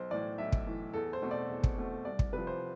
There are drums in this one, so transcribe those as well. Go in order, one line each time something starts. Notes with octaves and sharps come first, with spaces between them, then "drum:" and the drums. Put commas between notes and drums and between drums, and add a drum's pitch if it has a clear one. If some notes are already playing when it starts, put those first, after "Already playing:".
Already playing: B1 C5
A2 E3 D5
B1 E5
drum: kick
A2 E3
E2 A4
C5
B2 A3 C4
D5
E2
drum: kick
B2 A3 C4
C2 D5
drum: kick
C3 B4
F3
C5